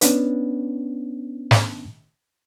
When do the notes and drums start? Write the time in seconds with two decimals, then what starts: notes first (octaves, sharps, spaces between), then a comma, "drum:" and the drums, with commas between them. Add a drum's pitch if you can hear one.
0.01 B3 C#4 D4 B4, drum: hi-hat
1.51 drum: snare